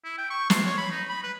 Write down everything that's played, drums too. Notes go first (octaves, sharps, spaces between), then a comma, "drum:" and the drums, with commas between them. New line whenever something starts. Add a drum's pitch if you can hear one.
E4
G5
C#6
C6, drum: snare
C#5
B5
D#4
B5
B4